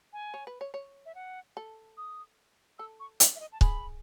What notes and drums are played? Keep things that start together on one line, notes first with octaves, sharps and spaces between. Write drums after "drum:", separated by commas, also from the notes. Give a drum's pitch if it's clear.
G#5
C#5
B4
C#5
C#5
E5
F#5
A4
D#6
A4 E6
C#6
E5, drum: hi-hat
E5
D#5
A5
G#4 B5, drum: kick C#1